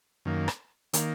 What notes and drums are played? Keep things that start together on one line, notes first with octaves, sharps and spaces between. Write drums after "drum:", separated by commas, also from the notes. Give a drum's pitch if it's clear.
F#2 D#3 A#3
drum: rim click
D#3 A#3, drum: hi-hat